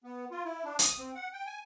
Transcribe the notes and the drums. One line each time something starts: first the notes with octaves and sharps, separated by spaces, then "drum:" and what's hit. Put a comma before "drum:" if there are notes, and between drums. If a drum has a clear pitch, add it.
B3
F4
E4
D4
D#6, drum: hi-hat
C4
F#5
G5
G#5